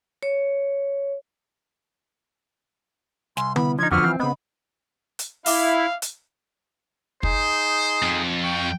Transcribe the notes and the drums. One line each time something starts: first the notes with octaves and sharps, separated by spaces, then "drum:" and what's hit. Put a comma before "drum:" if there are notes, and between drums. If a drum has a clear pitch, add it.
C#5
C2 G#5 C6, drum: snare
B3 E4 B5, drum: tom D3
F3 D4 D#4 G#6
F2 D3 F3 B3 F4 F#4 F#5 F6
E3 C4
C#3 B3 D#5 B5
drum: hi-hat
E4 E5 F5 D6, drum: open hi-hat
drum: hi-hat
D#4 G#4 C5, drum: kick
F2
G5 C#6